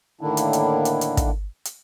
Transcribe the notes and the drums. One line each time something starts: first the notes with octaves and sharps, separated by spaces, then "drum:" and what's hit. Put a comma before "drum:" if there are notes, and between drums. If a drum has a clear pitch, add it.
A2 D3 D#3 A#3 D4 E4
drum: hi-hat
drum: hi-hat
drum: hi-hat
drum: hi-hat
drum: kick, hi-hat
drum: hi-hat